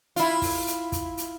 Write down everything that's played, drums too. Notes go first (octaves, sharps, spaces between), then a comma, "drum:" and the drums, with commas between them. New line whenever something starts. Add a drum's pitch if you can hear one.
E4 F4, drum: hi-hat
drum: kick, open hi-hat
drum: hi-hat
drum: kick, hi-hat
drum: hi-hat